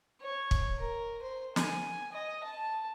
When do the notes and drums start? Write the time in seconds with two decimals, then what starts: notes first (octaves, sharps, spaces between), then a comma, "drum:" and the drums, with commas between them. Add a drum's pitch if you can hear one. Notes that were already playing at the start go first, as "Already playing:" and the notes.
0.22 C#5
0.51 drum: kick
0.78 A#4
1.23 C5
1.56 G#5, drum: snare
2.12 D#5
2.44 A5